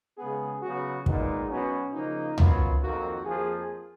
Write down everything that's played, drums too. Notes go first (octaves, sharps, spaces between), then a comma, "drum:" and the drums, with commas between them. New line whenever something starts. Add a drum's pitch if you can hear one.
C#3 G#3 B3 G#4
C#3 F#3 B3 F#4
A#2 G#3 B3 D#4, drum: kick
B2 F#3 B3 C#4
C#3 F3 A#3 D#4
F#2 D#3 F#3 B3 F4, drum: tom
F2 D#3 F#3 A#3 F#4
F2 F3 A#3 G#4